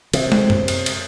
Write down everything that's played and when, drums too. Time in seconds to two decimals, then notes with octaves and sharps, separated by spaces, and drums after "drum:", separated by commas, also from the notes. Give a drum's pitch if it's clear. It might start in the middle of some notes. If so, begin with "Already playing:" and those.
0.13 C3, drum: cymbal
0.32 drum: tom
0.50 drum: tom F#2
0.68 drum: cymbal
0.86 drum: cymbal